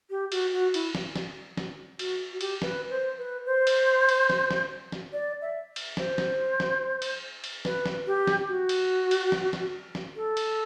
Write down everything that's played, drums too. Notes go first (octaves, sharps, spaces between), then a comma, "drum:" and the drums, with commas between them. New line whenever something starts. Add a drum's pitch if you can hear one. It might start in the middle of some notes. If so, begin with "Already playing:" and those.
G4
F#4, drum: cymbal
F#4
E4, drum: cymbal
drum: snare
drum: snare
drum: snare
F#4, drum: cymbal
F#4
G4, drum: cymbal
B4, drum: snare
C5
B4
C5
drum: cymbal
drum: cymbal
drum: snare
drum: snare
drum: snare
D5
E5
drum: cymbal
C5, drum: snare
drum: snare
drum: snare
drum: cymbal
drum: cymbal
B4, drum: snare
drum: snare
G4
drum: snare
F#4
drum: cymbal
drum: cymbal
drum: snare
drum: snare
drum: snare
A4
drum: cymbal